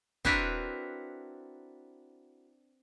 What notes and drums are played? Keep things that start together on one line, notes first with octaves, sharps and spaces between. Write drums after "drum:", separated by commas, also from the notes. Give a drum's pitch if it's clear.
C4 D4 E4 F#4 A#4 B4, drum: kick